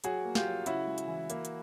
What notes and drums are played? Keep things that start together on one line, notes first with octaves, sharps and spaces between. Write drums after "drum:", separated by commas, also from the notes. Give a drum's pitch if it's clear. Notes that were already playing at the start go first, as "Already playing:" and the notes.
F#3 F#4 G#4, drum: hi-hat
A#3
F4 G4, drum: snare
F#3
C#3 E4 F#4, drum: hi-hat
G#3
drum: hi-hat
E3
A#3, drum: hi-hat
drum: hi-hat